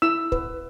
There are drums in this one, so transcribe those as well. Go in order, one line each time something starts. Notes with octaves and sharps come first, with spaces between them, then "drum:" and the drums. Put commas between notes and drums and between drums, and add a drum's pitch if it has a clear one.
E4 E6
B4, drum: kick